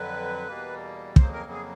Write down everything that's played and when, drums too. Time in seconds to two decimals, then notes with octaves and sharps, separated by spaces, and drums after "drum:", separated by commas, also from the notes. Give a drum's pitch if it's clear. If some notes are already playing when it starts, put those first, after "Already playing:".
Already playing: F2 D3 F#3 B4
0.47 E2 B2 G3 A#3
1.16 F2 C#3 F#3 A#3 C5, drum: kick
1.33 A#4
1.51 G#4